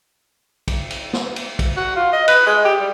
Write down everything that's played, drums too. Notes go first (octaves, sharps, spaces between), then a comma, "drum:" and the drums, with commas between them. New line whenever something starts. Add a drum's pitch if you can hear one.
drum: kick, cymbal
drum: cymbal
drum: snare
drum: cymbal
drum: kick, cymbal
F#4
F4
D#5
B4, drum: cymbal
G#3
G4
G3